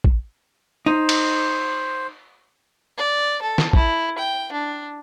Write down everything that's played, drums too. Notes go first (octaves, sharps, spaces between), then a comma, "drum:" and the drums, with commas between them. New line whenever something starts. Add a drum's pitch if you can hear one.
drum: kick
D#4 C5
drum: cymbal
D5
A4
drum: snare
E4, drum: kick
G5
D4